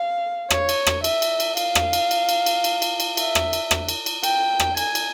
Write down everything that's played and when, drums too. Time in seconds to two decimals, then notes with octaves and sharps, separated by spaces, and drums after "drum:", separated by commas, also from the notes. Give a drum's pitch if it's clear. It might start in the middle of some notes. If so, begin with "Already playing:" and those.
Already playing: F5
0.50 C#5, drum: rim click
0.69 drum: cymbal
0.87 drum: rim click
1.04 E5, drum: cymbal
1.22 drum: cymbal
1.40 drum: cymbal
1.57 F5, drum: cymbal
1.75 drum: rim click
1.93 drum: cymbal
2.11 drum: cymbal
2.29 drum: cymbal
2.46 drum: cymbal
2.64 drum: cymbal
2.82 drum: cymbal
3.00 drum: cymbal
3.17 E5, drum: cymbal
3.35 drum: rim click
3.53 drum: cymbal
3.71 drum: rim click
3.89 drum: cymbal
4.06 drum: cymbal
4.23 G5, drum: cymbal
4.60 drum: rim click
4.77 G#5, drum: cymbal
4.95 drum: cymbal